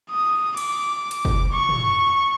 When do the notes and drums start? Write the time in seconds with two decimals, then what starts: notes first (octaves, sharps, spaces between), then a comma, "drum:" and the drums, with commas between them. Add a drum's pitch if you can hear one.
0.11 D#6
0.57 D6, drum: cymbal
1.11 drum: hi-hat
1.25 drum: kick
1.52 C#6
1.69 drum: tom